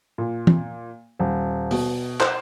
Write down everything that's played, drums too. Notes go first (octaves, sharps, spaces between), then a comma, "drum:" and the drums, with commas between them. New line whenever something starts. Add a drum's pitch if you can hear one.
A#2
drum: tom
D#1
B2, drum: open hi-hat
C5, drum: clap